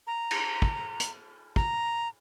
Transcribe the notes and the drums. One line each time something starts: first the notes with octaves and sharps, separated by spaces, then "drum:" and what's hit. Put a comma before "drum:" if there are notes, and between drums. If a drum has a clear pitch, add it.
A#5
drum: cymbal
drum: kick
drum: hi-hat
A#5, drum: kick